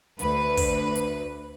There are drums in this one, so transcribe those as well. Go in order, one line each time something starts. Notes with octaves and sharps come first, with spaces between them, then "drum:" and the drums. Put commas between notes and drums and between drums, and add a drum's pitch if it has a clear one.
D2 B4, drum: hi-hat
drum: kick, open hi-hat
drum: hi-hat